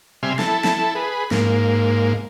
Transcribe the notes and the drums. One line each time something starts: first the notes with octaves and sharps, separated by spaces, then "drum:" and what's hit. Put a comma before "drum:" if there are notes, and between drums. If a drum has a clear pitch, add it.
C3 G3 E5 G#5 C6 F6
E4 A4 A5, drum: snare
drum: snare
G#4 B4
G#2 A#3, drum: snare